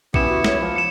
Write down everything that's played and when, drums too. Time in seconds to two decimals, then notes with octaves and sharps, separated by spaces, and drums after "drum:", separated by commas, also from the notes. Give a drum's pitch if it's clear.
0.14 B3 C#4 E4 G4 C#7 E7, drum: kick A#1
0.29 F#4
0.44 C#5, drum: snare
0.61 F3
0.76 C#7 E7